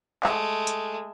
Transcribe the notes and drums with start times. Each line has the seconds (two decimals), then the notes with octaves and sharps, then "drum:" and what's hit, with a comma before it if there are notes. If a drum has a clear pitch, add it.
0.23 G#3 A3, drum: clap
0.67 drum: hi-hat